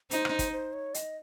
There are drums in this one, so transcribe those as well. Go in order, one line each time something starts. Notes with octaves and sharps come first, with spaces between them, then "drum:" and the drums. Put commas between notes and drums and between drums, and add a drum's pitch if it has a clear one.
D#4 C5, drum: hi-hat
drum: rim click
drum: kick, hi-hat
C5
C#5
D#5, drum: hi-hat